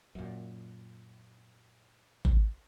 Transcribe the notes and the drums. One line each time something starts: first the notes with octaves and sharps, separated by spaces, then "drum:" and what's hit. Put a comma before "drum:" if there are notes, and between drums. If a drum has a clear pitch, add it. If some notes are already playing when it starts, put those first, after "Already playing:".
F#2 A#2
drum: kick G#1